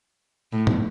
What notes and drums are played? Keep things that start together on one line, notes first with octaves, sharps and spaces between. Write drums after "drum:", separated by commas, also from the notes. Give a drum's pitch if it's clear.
A2
drum: tom